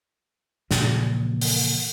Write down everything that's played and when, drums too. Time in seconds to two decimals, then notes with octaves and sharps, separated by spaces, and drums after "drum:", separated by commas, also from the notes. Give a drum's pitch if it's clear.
0.71 A#2 C#3 E3 F3, drum: snare
1.41 drum: open hi-hat